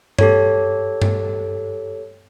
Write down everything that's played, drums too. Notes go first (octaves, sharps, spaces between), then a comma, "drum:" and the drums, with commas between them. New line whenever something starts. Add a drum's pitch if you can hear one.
G4 A4 C#5, drum: tom G2
drum: tom G2